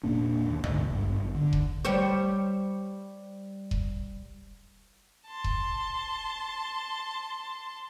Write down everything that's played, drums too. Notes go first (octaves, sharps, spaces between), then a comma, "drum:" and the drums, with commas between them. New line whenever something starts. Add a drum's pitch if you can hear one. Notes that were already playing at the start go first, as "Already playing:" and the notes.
E1 A#2 A#3 D4
D#2
D2 G#2 C3, drum: tom A#1
G#1 G2
D3
drum: kick E1
G3 C5 C#5
drum: kick E1
A5 C6
drum: kick E1